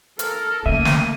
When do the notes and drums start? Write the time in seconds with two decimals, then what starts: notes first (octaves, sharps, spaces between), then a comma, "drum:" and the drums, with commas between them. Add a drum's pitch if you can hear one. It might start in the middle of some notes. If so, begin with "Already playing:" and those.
0.19 A4 A#4 F6, drum: hi-hat
0.66 C#3 A3 A#3 E5 D#7
0.85 drum: snare